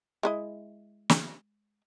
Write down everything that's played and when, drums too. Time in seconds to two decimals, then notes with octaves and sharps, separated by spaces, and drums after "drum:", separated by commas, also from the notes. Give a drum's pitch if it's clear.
0.23 G#3 E4 D#5
1.10 drum: snare